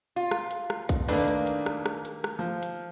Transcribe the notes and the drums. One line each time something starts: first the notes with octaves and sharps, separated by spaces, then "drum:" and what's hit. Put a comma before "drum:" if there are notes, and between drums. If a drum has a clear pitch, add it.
F4
drum: rim click
drum: hi-hat
drum: rim click
drum: kick, hi-hat
D#3 A3 A#3 D4 B4, drum: hi-hat
drum: hi-hat
drum: hi-hat
drum: rim click
drum: rim click
drum: hi-hat
drum: rim click
F3
drum: hi-hat